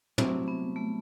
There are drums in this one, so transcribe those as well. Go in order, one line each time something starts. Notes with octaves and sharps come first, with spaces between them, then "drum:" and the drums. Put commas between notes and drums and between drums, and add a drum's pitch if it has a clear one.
C2 C3 F#3 A3 C4 E4, drum: tom
B3
A3